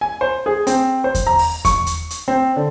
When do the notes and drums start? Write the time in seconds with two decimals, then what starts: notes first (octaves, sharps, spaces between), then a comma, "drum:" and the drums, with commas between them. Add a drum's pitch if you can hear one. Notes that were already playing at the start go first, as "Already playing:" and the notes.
0.01 G#5
0.21 C5
0.46 G#4
0.67 C4, drum: hi-hat
1.04 C5
1.15 drum: kick E2, hi-hat
1.27 A#5
1.39 drum: open hi-hat
1.65 C#6, drum: kick E2, hi-hat
1.86 drum: hi-hat
2.10 drum: hi-hat
2.28 C4
2.56 D3